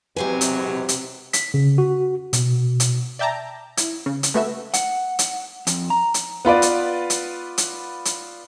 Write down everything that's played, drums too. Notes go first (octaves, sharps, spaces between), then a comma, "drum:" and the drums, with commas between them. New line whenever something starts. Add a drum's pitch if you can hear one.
E2 G#2 C3 F#3 G4 B4 C5 G#5
drum: hi-hat
drum: hi-hat
B6, drum: hi-hat
C#3
F#4
B2, drum: hi-hat
drum: hi-hat
D5 E5 G5 A5 A#5
E4, drum: hi-hat
C#3
drum: hi-hat
G#3 A3 B3 F#4 E5
F#5, drum: hi-hat
drum: hi-hat
F2, drum: hi-hat
A#5
drum: hi-hat
B3 F4 B4 D5
drum: hi-hat
drum: hi-hat
drum: hi-hat
drum: hi-hat